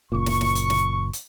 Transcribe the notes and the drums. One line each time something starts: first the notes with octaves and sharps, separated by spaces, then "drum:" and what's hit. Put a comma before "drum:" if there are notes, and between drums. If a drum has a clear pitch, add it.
F#1 A#2 C#6
drum: snare
drum: snare
drum: hi-hat
drum: snare
drum: hi-hat